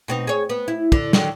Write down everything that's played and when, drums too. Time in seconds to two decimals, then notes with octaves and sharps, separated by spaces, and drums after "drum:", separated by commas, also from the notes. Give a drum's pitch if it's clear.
0.08 B2 C4 D#4
0.27 G#4 C#5
0.49 B3
0.68 E4
0.92 D3, drum: kick
1.13 D3 D#3 F#3, drum: snare